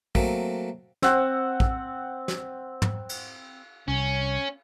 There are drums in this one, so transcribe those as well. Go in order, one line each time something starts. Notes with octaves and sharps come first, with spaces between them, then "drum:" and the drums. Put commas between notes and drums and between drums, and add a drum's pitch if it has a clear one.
F#3 A3 A#3 C4, drum: kick
C4 F#5, drum: snare
drum: kick
drum: snare
drum: tom
drum: cymbal
C2 C#4